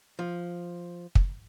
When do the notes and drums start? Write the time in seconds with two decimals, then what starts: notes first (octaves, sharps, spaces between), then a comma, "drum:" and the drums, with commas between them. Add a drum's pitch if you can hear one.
0.19 F3
1.15 drum: kick